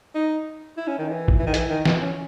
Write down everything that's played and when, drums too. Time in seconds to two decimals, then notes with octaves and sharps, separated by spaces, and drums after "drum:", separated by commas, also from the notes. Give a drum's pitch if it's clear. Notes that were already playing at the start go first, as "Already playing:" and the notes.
0.15 D#4
0.77 E4
0.87 C#4
0.98 D#3
1.09 E3
1.28 drum: kick A1
1.39 E3
1.47 D#3
1.54 E3, drum: hi-hat
1.70 D#3
1.85 E3, drum: snare
2.01 C#4